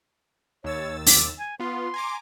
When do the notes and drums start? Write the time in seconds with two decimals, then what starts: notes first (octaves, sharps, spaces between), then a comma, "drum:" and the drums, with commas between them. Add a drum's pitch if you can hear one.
0.64 D#2 C#5 E6 A6
1.06 D6, drum: open hi-hat
1.38 G#5
1.60 B3 F4 C6
1.94 G#5 A#5 D6